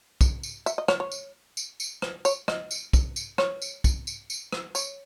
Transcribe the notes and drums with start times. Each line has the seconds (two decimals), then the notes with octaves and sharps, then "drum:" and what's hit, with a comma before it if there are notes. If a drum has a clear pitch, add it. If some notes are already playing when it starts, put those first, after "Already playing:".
0.21 drum: kick, tambourine
0.43 drum: tambourine
0.66 E5, drum: tambourine
0.78 D#5
0.88 C#5, drum: rim click
1.00 C#5
1.12 drum: tambourine
1.57 drum: tambourine
1.80 drum: tambourine
2.02 B4, drum: rim click
2.25 C#5, drum: tambourine
2.48 D#5, drum: rim click
2.71 drum: tambourine
2.93 drum: kick, tambourine
3.16 drum: tambourine
3.38 C#5, drum: rim click
3.62 drum: tambourine
3.84 drum: kick, tambourine
4.07 drum: tambourine
4.30 drum: tambourine
4.52 drum: rim click
4.75 C#5, drum: tambourine